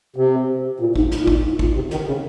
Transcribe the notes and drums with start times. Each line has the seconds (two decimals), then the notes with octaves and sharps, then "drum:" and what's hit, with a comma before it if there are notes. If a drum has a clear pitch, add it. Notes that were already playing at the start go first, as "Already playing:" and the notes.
0.16 C3
0.80 A#2
0.96 G#2, drum: kick
1.11 drum: snare
1.22 A#2
1.27 G#2, drum: kick
1.43 G#2
1.59 A#2, drum: kick
1.75 C3
1.91 D#3, drum: snare
2.07 C#3